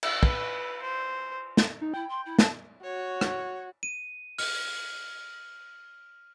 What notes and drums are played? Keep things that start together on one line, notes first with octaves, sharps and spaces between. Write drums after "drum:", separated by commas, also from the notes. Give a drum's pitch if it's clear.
drum: cymbal
B4, drum: kick
C5
drum: snare
D#4
E4 G5
C6
E4
A5, drum: snare
F#4 C#5
drum: rim click
D#7
F6, drum: open hi-hat